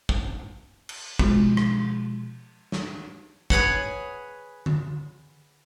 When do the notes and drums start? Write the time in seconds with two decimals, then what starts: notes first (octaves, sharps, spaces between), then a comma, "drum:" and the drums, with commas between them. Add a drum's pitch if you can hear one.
0.09 drum: kick
0.89 drum: cymbal
1.19 B2 F3 G#3, drum: kick
1.57 drum: rim click
2.72 drum: snare
3.50 G#4 B4 C#5 F#5, drum: kick
4.66 drum: tom D3